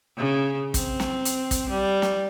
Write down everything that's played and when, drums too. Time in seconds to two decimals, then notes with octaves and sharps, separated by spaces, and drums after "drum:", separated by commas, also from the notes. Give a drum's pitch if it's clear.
0.17 C#3
0.74 C4, drum: kick, hi-hat
1.00 drum: snare
1.25 drum: hi-hat
1.51 drum: kick, hi-hat
1.69 G3
2.02 drum: snare